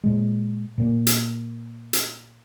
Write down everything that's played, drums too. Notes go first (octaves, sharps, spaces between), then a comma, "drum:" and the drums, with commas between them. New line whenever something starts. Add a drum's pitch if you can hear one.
A#2 G#3
A#2 A#3
drum: hi-hat
drum: hi-hat